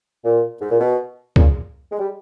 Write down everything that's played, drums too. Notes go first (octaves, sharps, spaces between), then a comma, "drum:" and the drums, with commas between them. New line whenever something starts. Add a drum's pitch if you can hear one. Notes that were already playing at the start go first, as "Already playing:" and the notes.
A#2
G#2
A#2
B2
A#2 C#3, drum: kick
G#3
G3